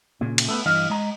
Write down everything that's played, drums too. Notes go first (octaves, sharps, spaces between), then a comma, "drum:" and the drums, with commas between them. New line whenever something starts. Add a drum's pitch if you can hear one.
A#2 C#3
drum: cymbal
A3 B3
G2 E3 D#5 F5
G#3 D#5 A#5